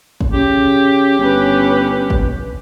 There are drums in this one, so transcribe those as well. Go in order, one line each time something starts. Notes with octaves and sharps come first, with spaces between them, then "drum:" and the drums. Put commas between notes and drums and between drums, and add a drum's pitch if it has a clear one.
drum: kick
C#3 G4
G1 C#4 B4
drum: kick